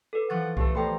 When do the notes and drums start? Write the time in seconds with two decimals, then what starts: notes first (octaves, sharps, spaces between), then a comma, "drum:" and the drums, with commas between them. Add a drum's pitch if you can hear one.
0.13 A4 B4
0.30 E3 F3 F4 F#5 C#6 A6
0.57 A3 G4 B4, drum: kick C2
0.75 A3 B3 A4 C5 G5 A#5